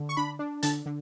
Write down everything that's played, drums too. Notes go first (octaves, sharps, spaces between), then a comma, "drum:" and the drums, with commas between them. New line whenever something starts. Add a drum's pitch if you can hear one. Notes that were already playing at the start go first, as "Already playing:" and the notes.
Already playing: D3
C#6
D4 B5
D4
D3 A5, drum: hi-hat
D3